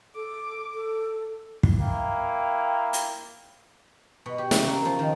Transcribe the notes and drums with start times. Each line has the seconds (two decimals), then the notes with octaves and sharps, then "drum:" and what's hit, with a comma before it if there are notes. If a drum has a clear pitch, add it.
0.15 A4 D6
0.74 A4
1.63 drum: kick
1.80 A#3 E4 G5
2.93 drum: hi-hat
4.26 B2
4.38 G4
4.51 C#3, drum: snare
4.67 A#3
4.85 F3
4.99 D#3